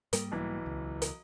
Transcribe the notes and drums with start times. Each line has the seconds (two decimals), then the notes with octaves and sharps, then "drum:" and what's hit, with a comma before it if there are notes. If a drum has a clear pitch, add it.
0.13 G#2 G3 A#3, drum: hi-hat
0.32 B1 E3
0.66 C#2
1.02 drum: hi-hat